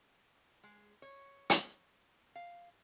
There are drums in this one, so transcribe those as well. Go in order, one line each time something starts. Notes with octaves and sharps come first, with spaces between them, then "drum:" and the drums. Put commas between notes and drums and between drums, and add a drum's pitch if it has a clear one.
G#3
C#5
drum: hi-hat
F5